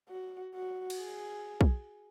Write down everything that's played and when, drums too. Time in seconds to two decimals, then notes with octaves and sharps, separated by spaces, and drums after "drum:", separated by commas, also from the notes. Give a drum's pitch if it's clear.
0.09 F#4
0.54 F#4
0.90 drum: cymbal
1.01 G#4
1.61 drum: kick B1